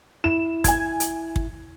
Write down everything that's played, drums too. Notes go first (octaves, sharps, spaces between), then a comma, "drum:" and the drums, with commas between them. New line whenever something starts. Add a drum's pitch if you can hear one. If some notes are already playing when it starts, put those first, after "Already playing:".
E4 E7
G#5 G#6, drum: kick, hi-hat
drum: hi-hat
drum: kick